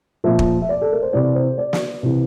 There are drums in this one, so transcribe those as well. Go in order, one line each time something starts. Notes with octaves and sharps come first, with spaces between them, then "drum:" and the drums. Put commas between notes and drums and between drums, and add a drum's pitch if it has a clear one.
A#2 F3 E5
drum: kick
E5
D5
A4
A#4
C5
C3 E3 D5
C5
D5
drum: snare
C3 E3